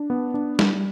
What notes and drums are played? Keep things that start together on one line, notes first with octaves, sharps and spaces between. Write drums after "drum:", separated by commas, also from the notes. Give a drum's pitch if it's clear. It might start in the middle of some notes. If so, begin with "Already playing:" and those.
Already playing: D4
B3
D4
G3, drum: snare